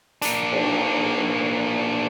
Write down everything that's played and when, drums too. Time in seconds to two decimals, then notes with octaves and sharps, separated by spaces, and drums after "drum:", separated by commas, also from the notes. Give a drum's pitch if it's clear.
0.22 A#3 D4, drum: hi-hat
0.52 drum: cymbal